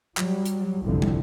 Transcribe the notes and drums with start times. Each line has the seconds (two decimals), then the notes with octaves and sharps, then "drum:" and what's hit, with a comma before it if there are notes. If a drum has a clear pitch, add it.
0.17 F#3 G3, drum: clap
0.46 drum: hi-hat
0.83 G1 C2 F2 D3 F3
1.02 drum: tom